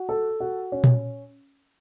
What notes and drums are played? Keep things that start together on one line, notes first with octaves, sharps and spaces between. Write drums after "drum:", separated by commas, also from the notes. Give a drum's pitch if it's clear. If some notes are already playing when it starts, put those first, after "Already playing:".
Already playing: F#4
A4
F#4
C#4
drum: tom A#2